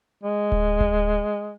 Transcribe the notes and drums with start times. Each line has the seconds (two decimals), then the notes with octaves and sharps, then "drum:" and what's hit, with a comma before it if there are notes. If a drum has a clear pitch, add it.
0.23 G#3
0.52 drum: kick D1
0.80 drum: kick D1